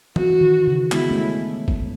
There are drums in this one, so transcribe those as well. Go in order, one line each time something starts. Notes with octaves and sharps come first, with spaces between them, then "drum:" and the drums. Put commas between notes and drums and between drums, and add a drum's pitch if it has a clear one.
E3 F#4, drum: tom E3
D#3
C#3
G#3 B3 E4, drum: clap
A3 C#4
drum: kick